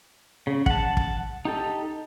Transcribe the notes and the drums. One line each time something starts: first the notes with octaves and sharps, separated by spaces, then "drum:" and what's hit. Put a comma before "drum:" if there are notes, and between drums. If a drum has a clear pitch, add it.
C#3
F#5 A5, drum: kick
drum: kick
D#4 G4 A4